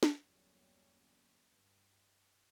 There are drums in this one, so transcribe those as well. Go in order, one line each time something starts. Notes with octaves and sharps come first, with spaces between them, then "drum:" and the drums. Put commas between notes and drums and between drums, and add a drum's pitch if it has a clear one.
drum: snare
G1 E2 F#3 G3 A#3 C#4
G2